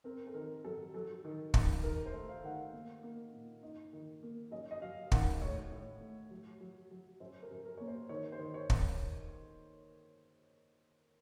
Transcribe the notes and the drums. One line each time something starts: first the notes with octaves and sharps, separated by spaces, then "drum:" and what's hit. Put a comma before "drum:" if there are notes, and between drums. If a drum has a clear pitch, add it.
C4 A#4
A4
D#3 A#4
F#3 A4
F#3 A4
D#3
D#3, drum: kick
D#3 A#4
C5
A3
F5
D#3 F#5
F5
A#3
A#3
A#2
D#4
D#3
A#3
F#2 D#5
D#5
F#3 F5
D#3 F#5, drum: kick
A2 C#5
A2
A2
F#3
F#3
F#3
F#2 C5
A#4
F#2
A#4
A#3 C#5
C5
D#3 C#5
C5
D#3
C#5
drum: kick